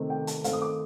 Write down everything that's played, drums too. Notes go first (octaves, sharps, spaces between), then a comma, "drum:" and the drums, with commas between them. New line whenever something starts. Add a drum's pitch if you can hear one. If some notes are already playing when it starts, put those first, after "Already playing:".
Already playing: C3 D#3 A3 C4
G5
A5, drum: hi-hat
D#3 A3 C4 F5, drum: hi-hat
D#6
D6